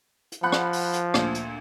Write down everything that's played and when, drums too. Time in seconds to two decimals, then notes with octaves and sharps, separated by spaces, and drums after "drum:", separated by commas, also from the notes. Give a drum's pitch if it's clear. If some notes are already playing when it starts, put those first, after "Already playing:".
0.32 drum: hi-hat
0.43 F3 F#5 B5 F#6
0.52 drum: rim click
0.73 drum: open hi-hat
0.94 drum: hi-hat
1.14 D2 A#2, drum: rim click
1.35 drum: hi-hat